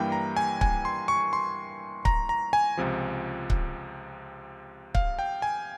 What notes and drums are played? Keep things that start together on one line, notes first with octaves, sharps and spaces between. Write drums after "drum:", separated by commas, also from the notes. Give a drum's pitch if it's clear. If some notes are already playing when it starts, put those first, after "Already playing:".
Already playing: G2 E3 G3 A#3 E4 G5
A#5
G#5
G#5, drum: kick C#1
C6
C#6
C6
A#5, drum: kick C#1
A#5
G#5
C#2 C3 F3
drum: kick C#1
F5, drum: kick C#1
G5
G#5